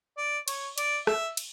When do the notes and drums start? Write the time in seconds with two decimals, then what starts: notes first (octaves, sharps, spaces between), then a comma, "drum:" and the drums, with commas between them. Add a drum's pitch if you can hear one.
0.17 D5
0.48 C#5, drum: cymbal
0.78 D5, drum: cymbal
1.07 E5, drum: rim click
1.37 drum: cymbal